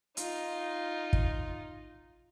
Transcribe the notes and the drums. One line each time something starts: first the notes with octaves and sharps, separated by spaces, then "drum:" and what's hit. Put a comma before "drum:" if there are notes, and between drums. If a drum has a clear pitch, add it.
D#4 F4, drum: hi-hat
drum: kick